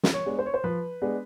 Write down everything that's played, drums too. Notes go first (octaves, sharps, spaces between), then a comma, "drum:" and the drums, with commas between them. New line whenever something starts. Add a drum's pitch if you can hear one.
drum: snare
C#5
G#3 B3 D4
C5
C#5
C5
F3 B4
G#3 B3 D4